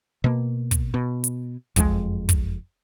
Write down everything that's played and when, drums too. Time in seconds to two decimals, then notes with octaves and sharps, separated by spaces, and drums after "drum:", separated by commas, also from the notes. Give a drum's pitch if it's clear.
0.24 B2 A#3
0.71 drum: kick, hi-hat
0.94 B2
1.24 drum: hi-hat
1.76 F#1 F2 A#2 G#3, drum: kick, hi-hat
2.29 drum: kick, hi-hat